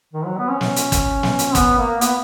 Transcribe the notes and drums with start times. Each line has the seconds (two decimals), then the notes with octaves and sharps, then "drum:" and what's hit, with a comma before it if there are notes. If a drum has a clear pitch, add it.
0.14 D#3
0.25 F#3
0.38 B3
0.49 C#4
0.61 drum: snare
0.76 drum: hi-hat
0.92 drum: kick, hi-hat
1.23 drum: snare
1.39 drum: hi-hat
1.55 B3, drum: kick, hi-hat
1.78 A#3
2.01 B3, drum: hi-hat